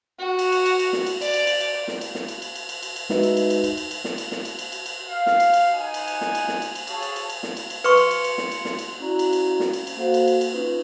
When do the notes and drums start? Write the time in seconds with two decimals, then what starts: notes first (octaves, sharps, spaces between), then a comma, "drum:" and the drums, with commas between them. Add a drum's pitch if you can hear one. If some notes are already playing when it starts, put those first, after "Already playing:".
0.19 F#4
0.39 drum: cymbal
0.52 drum: cymbal
0.66 drum: cymbal
0.79 drum: cymbal
0.93 drum: snare
1.06 drum: cymbal
1.21 D5, drum: cymbal
1.34 drum: cymbal
1.47 drum: cymbal
1.61 drum: cymbal
1.88 drum: snare
2.01 drum: cymbal
2.15 drum: snare
2.28 drum: cymbal
2.42 drum: cymbal
2.55 drum: cymbal
2.69 drum: cymbal
2.83 drum: cymbal
2.96 drum: cymbal
3.10 G#3 D#4 F#4 B4 E5, drum: snare
3.23 drum: cymbal
3.37 drum: cymbal
3.50 drum: cymbal
3.64 drum: cymbal
3.77 drum: cymbal
3.91 drum: cymbal
4.04 drum: snare
4.18 drum: cymbal
4.32 drum: snare
4.45 drum: cymbal
4.59 drum: cymbal
4.72 drum: cymbal
4.86 drum: cymbal
5.08 F5
5.26 drum: snare
5.40 drum: cymbal
5.53 drum: cymbal
5.73 D#4 F#5 G#5
5.94 drum: cymbal
6.08 drum: cymbal
6.21 drum: snare
6.35 drum: cymbal
6.48 drum: snare
6.62 drum: cymbal
6.75 drum: cymbal
6.87 G#4 A4 C#5 F5 A5, drum: cymbal
7.02 drum: cymbal
7.16 drum: cymbal
7.30 drum: cymbal
7.43 drum: snare
7.57 drum: cymbal
7.70 drum: cymbal
7.84 B4 C6 C#6 C#7, drum: cymbal
7.97 drum: cymbal
8.11 drum: cymbal
8.24 drum: cymbal
8.38 drum: snare
8.51 drum: cymbal
8.65 drum: snare
8.79 drum: cymbal
9.00 C#4 E4 F#4 D5 A#5
9.19 drum: cymbal
9.33 drum: cymbal
9.60 drum: snare
9.73 drum: cymbal
9.87 drum: cymbal
9.97 A#3 F#4 A4 C5 F5 F#5
10.14 drum: cymbal
10.28 drum: cymbal
10.41 drum: cymbal
10.52 C#4 D#4 F4 B4